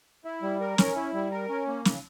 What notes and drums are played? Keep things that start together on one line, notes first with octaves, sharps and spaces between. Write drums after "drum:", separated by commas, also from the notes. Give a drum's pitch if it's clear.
E4
G3
A#4
C#4, drum: snare
E4
G3
A#4
C#4
A#3
C#3, drum: snare